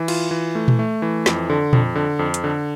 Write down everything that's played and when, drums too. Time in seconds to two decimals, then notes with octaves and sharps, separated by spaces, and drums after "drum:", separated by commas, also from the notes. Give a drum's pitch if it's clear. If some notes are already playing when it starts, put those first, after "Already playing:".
Already playing: E3
0.08 F4, drum: cymbal
0.31 E3
0.55 A3
0.68 drum: tom A#2
0.79 A3
1.02 E3
1.26 F2, drum: snare
1.50 D3
1.73 F2, drum: tom A#2
1.95 D3
2.19 F2
2.34 drum: hi-hat
2.44 D3